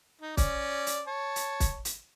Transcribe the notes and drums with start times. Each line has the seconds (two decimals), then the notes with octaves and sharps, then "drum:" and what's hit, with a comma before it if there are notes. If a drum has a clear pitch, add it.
0.21 D#4
0.37 C#4 D5, drum: kick, hi-hat
0.87 drum: hi-hat
1.07 C#5 A5
1.36 drum: hi-hat
1.60 drum: kick, hi-hat
1.85 drum: hi-hat